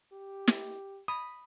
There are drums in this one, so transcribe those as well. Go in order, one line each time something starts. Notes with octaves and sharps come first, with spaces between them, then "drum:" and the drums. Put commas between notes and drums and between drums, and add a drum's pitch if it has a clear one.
G4
drum: snare
B5 D#6